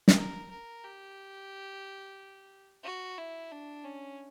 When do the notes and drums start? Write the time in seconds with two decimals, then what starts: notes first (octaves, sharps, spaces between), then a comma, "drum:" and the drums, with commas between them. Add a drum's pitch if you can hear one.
0.08 drum: snare
0.17 A#4
0.50 A#4
0.83 G4
2.84 F#4
3.18 E4
3.51 D4
3.84 C#4